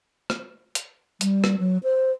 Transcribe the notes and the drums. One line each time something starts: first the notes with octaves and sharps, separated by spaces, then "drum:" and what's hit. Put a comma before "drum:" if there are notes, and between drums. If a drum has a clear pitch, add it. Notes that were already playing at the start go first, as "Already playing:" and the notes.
drum: rim click
drum: hi-hat
G3, drum: hi-hat
drum: rim click
F#3
C5